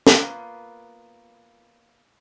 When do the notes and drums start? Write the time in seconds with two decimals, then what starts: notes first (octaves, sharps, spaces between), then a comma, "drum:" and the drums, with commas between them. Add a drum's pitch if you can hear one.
0.07 A#3 B3 F4 B4, drum: snare